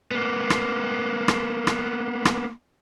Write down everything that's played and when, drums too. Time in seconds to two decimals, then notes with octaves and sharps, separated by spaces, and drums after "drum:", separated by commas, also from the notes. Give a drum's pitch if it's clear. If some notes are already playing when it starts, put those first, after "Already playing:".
0.11 A#3 B3
0.50 drum: rim click
1.28 drum: rim click
1.67 drum: rim click
2.25 drum: rim click